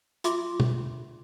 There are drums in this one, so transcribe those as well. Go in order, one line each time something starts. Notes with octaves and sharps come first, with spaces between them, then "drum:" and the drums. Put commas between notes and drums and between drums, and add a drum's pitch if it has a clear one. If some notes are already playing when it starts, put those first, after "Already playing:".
F4 E5 C6 D6, drum: hi-hat
drum: tom